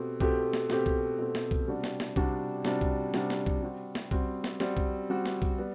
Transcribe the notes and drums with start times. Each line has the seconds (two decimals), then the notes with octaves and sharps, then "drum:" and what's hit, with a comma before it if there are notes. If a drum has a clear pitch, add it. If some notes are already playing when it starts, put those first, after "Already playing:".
Already playing: B2 A3 C4 G4
0.20 B2 A3 C4 G4, drum: kick B1
0.53 drum: snare
0.70 B2 A3 C4 G4, drum: snare
0.86 drum: kick B1
1.18 B2 A3 C4 G4
1.35 drum: snare
1.51 drum: kick B1
1.68 C3 G3 D4 F#4
1.84 drum: snare
2.00 drum: snare
2.16 C3 G3 D4 F#4, drum: kick B1
2.65 C3 G3 D4 F#4, drum: snare
2.81 drum: kick B1
3.14 C3 G3 D4 F#4, drum: snare
3.30 drum: snare
3.46 drum: kick B1
3.63 G3 C4 F#4
3.95 drum: snare
4.11 G3 C4 F#4, drum: kick B1
4.44 drum: snare
4.60 G3 C4 F#4, drum: snare
4.77 drum: kick B1
5.10 G3 C4 F#4
5.25 drum: snare
5.42 drum: kick B1
5.58 G3 B3